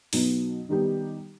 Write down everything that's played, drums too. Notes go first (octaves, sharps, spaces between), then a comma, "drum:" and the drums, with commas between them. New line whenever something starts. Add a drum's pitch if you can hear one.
B2 F#3 B3 D#4, drum: open hi-hat
D#3 G3 B3 D#4 G4